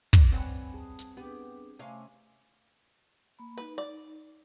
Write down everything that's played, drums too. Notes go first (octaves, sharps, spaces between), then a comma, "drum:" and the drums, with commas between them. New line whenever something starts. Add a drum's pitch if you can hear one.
G3 D5, drum: kick
C4 B4 C#5 F#5 G#5 B5
G#4 A5
drum: hi-hat
B3 D4 G4 G#4
C3 A3 C#4 F5 G#5 D6
A#3 B5
D#4 B4
D5